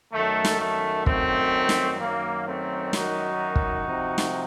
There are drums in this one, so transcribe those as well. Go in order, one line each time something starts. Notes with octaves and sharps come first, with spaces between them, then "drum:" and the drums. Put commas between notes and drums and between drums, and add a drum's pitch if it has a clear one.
F#2 D#3 F#3 A3
drum: snare
A3
A3 C4, drum: kick
drum: snare
F#2 D#3 F#3 A#3
A3 C4
D#4 F#4, drum: snare
drum: kick
C3 F3
drum: snare